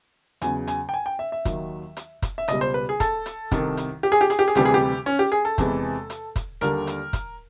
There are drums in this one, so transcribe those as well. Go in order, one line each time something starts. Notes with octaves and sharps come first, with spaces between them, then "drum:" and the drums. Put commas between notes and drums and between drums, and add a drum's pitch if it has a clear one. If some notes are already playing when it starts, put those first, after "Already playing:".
E2 C#3 F#3 G#5, drum: hi-hat
G#5, drum: hi-hat
G5
G#5
G5
E5
E5
D#2 D#3 F#3, drum: kick, hi-hat
drum: hi-hat
drum: kick, hi-hat
E5
C#2 B2 G3 D#5, drum: hi-hat
C5
B4
G#4
A4, drum: kick, hi-hat
drum: hi-hat
C2 C3 D#3, drum: kick, hi-hat
drum: hi-hat
G4
G#4
G4
G#4, drum: hi-hat
G4
G#4
D2 C3 E3 G3 G4, drum: hi-hat
G#4
G4
C#4
G4
G#4
A4
E2 C3 E3 G#3, drum: kick, hi-hat
drum: hi-hat
drum: kick, hi-hat
D#2 D3 G3 A#4, drum: hi-hat
drum: hi-hat
drum: kick, hi-hat